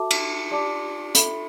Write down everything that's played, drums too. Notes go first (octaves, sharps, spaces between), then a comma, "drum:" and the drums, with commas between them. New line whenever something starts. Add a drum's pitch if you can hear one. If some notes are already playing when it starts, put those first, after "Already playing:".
Already playing: F#4 A4 E5 A5 D6
drum: cymbal
G4 D5 A5 D6
A4 E5 B5, drum: hi-hat